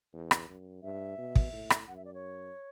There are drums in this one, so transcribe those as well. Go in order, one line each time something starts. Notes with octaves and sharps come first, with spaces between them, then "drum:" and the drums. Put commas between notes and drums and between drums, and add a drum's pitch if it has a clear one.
E2
drum: rim click
F#2
G2 E5
B2
drum: kick
A2
drum: rim click
F#2 F#5
E5
D5
C#5